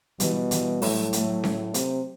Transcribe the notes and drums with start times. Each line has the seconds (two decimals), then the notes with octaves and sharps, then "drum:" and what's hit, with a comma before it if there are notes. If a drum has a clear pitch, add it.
0.20 B2 E3 G3, drum: hi-hat
0.51 E3 G3, drum: hi-hat
0.82 A2 F#3 A3, drum: open hi-hat
1.13 F#3 A3, drum: hi-hat
1.44 drum: snare C#4
1.74 C3, drum: hi-hat